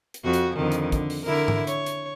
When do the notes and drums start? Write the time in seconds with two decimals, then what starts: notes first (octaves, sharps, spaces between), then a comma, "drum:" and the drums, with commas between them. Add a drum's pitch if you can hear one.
0.14 drum: hi-hat
0.24 F2 F#4
0.33 drum: hi-hat
0.56 F2 D3 D#3
0.72 drum: hi-hat
0.92 D3, drum: kick, hi-hat
1.10 drum: open hi-hat
1.24 D3 E4 A#4
1.48 drum: tom G#2
1.67 C#5, drum: hi-hat
1.86 drum: hi-hat